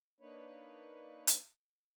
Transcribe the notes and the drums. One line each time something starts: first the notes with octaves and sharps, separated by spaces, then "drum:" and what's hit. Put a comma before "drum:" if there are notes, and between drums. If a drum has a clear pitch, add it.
A#3 D4 D#4 B4 C#5
drum: hi-hat